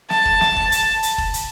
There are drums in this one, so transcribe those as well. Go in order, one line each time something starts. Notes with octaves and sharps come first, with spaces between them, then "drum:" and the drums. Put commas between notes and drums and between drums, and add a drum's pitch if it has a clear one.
A5, drum: snare
drum: kick
drum: snare
drum: kick
drum: hi-hat
drum: hi-hat
drum: kick
drum: hi-hat